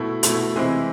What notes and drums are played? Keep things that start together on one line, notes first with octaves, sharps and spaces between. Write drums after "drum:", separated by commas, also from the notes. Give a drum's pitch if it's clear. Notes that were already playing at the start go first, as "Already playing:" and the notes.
Already playing: B2 A3 E4
B2 A3 E4, drum: hi-hat
C3 E3 G#3 C4 E4